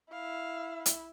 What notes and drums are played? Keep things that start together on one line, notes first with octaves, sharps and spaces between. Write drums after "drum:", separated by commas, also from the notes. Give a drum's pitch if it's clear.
E4 F5
drum: hi-hat